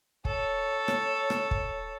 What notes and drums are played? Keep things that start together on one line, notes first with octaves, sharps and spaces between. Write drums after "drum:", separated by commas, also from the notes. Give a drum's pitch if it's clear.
A4 C#5, drum: kick
drum: rim click
drum: rim click
drum: kick